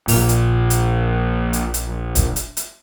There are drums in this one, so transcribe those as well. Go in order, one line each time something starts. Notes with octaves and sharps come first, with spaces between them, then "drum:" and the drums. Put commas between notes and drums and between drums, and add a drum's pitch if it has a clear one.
A#1 A#2, drum: open hi-hat
drum: hi-hat
drum: hi-hat
drum: hi-hat
drum: hi-hat
drum: kick, hi-hat
drum: hi-hat
drum: hi-hat